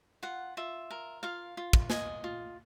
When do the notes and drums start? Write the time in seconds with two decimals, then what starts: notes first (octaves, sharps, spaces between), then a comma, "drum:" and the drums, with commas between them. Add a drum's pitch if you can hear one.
0.23 F4 F#5
0.57 F4 E5
0.91 A#4
1.23 F4 F5
1.57 F4
1.73 drum: kick
1.90 D#5 G#5, drum: snare
2.24 F4